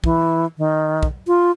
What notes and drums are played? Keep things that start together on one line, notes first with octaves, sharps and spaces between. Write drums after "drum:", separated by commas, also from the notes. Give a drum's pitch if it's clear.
E3, drum: kick
D#3
drum: kick
F4